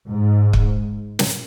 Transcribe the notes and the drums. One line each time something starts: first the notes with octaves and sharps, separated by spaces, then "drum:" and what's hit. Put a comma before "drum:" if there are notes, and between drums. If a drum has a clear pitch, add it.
G#2
drum: kick
drum: snare